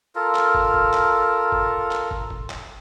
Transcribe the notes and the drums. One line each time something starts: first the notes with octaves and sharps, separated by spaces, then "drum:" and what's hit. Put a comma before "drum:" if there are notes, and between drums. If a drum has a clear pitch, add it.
F4 A4 A#4
drum: clap
drum: kick
drum: kick
drum: clap
drum: kick
drum: clap
drum: kick
drum: kick
drum: clap